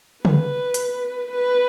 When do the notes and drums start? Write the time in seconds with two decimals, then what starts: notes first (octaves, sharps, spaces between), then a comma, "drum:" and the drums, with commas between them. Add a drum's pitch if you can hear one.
0.25 B4, drum: tom C#3
0.74 drum: hi-hat
1.31 B4